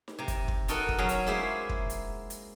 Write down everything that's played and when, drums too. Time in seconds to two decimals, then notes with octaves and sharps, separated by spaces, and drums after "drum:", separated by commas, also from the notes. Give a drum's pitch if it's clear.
0.08 drum: snare D#4
0.19 C3 A#5
0.28 drum: kick, hi-hat
0.48 drum: kick
0.68 B3 D#4 F#4 A4 A#4 D#5, drum: hi-hat
0.88 drum: kick
0.98 F#3 C#4 G#4 A#5
1.09 drum: hi-hat
1.27 G#3 A#3 E4 G#4 C5 E5
1.69 drum: kick
1.90 drum: hi-hat
2.30 drum: hi-hat